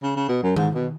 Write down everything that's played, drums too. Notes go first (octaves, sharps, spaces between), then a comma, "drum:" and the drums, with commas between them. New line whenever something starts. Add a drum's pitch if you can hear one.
C#3
C#3
B2
F#2
G#2, drum: tom D#3
B2